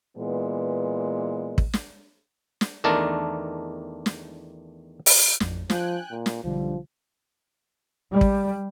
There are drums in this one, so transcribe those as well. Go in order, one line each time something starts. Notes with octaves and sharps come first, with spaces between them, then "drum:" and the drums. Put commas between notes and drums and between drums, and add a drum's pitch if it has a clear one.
A#2 E3 G#3 B3
drum: kick
drum: snare
drum: snare
E2 D#3 A3 D4 A#4 A5
drum: snare
drum: open hi-hat
A1 F2, drum: snare
F3 G5 G#5 F#6, drum: snare
A#2
drum: snare
B1 D3 F3 G3
G3
drum: kick